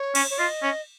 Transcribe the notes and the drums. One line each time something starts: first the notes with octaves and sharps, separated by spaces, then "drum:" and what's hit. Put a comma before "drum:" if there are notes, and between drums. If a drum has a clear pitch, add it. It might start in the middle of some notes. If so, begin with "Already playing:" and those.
Already playing: C#5
C#4, drum: cymbal
C#5
F4 D#5
C#4